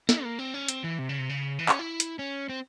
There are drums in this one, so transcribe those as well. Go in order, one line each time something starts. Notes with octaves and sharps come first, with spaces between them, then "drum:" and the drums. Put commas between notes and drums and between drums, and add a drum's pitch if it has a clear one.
E4, drum: snare
A#3
C4
C#4
C4, drum: hi-hat
E3
C3
C#3
C3
C#3
E3
C#4, drum: clap
E4
drum: hi-hat
C#4
C4